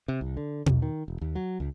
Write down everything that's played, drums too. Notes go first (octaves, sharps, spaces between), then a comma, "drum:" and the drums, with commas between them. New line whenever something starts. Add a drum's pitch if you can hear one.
C3
C2
D3
B1, drum: tom B2
D#3
E1
D#2
F#3
C#2